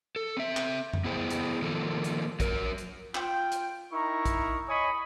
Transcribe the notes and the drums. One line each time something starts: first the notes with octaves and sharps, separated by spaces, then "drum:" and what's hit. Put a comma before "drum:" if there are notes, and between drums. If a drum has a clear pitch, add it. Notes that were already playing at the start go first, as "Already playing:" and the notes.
A4
C4 E5
drum: clap
drum: tom F2
B3 E4 G#4 C5 G5
drum: hi-hat
D#3 F3 A#3 A4
drum: hi-hat
F#3 A#4, drum: kick A#1, hi-hat
drum: hi-hat
F4 G5, drum: clap
drum: hi-hat
D#4 E4 A#4 A#5 C#6
drum: kick A#1, hi-hat
C#5 D#5 G#5 B5 C#6 D#6